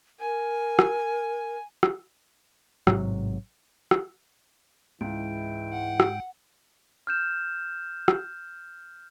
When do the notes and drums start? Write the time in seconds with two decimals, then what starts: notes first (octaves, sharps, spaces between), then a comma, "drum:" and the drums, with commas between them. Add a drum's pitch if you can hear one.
0.20 A#4 G#5
0.79 drum: rim click
1.83 drum: rim click
2.87 A1 G#2 C3 F#3, drum: rim click
3.91 drum: rim click
5.01 C#2 G#2 E3 G#3 E4 G5
5.72 F#5
6.00 drum: rim click
7.07 F6 G6 E7
8.08 drum: rim click